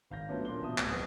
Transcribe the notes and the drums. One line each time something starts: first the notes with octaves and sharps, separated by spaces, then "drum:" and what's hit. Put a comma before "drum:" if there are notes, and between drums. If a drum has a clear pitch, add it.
G#1 F5 G6 A#6
F#3 A3 B3 C#4 D4 F4
A#2 D4 C6 G7
A1 B2 E5 A5 D#6
D1 F#5 D#6, drum: clap
B1 C4 B4 D#6 A#6